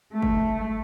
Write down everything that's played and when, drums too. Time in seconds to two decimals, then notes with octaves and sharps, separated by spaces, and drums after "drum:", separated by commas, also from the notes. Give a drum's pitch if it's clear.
0.13 A3
0.22 drum: kick